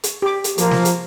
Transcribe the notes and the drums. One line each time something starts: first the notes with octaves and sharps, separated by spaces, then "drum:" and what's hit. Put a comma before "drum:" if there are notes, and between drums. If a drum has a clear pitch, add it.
drum: hi-hat
G4 D6
drum: hi-hat
F3 A#3, drum: hi-hat
drum: snare
drum: hi-hat